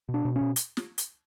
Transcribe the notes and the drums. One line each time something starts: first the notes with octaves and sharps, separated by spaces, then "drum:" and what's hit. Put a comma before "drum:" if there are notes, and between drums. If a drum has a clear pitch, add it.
B2
D4
B2
C#4
B2
drum: hi-hat
drum: snare
drum: hi-hat